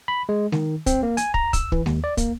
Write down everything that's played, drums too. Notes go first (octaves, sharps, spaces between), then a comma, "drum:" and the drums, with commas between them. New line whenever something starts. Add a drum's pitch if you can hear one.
B5
G#3
D#3, drum: snare G#3
C4, drum: kick, hi-hat
A#3
G#5, drum: hi-hat
A#5, drum: kick
E6, drum: kick, hi-hat
E3, drum: kick
D#2, drum: snare G#3
D5
A#3, drum: kick, hi-hat